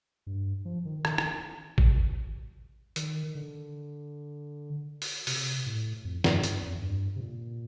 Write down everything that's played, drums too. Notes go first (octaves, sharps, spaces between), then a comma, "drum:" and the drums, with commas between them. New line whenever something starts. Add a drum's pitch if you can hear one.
G2
F3
D#3
D#3, drum: rim click
drum: rim click
drum: kick G#1
D#3, drum: hi-hat
D3
drum: open hi-hat
C3, drum: open hi-hat
A2
F2
G2, drum: snare
G2, drum: hi-hat
F2
G2
C3
A#2